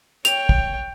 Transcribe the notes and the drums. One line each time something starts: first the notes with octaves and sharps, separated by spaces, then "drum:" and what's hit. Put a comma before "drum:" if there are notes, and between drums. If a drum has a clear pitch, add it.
C#5 G5 F7, drum: hi-hat
drum: kick